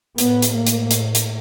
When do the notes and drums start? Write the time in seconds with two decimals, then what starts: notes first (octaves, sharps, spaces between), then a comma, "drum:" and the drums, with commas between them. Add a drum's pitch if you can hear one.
0.18 A2 B3, drum: hi-hat
0.42 drum: hi-hat
0.55 A#3
0.67 drum: hi-hat
0.91 drum: hi-hat
1.15 drum: hi-hat